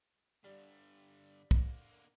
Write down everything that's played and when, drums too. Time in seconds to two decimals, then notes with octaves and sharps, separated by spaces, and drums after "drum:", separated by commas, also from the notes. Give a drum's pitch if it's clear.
0.44 G2 D3 G3
1.51 D3 A#3, drum: kick